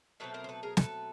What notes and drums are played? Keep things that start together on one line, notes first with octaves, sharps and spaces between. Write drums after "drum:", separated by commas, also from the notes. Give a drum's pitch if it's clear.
B2 F#3 A3 C4 A4 B4
A#4 C5
C5
A4 B4
G#4 A#4
A4 B4, drum: snare